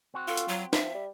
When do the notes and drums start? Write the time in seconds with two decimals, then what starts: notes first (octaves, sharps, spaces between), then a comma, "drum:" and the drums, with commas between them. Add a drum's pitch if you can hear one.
0.14 C4 F#4
0.28 F4 A4
0.37 drum: hi-hat
0.48 F#3
0.73 F3 E5, drum: snare
0.94 G3